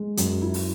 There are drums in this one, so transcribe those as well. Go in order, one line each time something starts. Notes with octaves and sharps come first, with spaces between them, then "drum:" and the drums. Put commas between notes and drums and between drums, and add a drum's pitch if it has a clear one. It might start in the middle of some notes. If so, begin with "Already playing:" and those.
Already playing: G#3
F#2, drum: hi-hat
E4
drum: open hi-hat